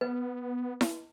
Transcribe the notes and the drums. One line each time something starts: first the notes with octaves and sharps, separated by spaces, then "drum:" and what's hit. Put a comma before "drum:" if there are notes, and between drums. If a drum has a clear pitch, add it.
B3 B4
drum: snare E4